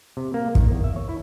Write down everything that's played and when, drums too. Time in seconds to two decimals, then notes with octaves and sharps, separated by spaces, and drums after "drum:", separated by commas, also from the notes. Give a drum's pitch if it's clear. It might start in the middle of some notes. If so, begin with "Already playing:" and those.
0.17 C3
0.34 A#3
0.55 D#3, drum: kick
0.71 E2
0.84 E5
0.96 C#5
1.09 E4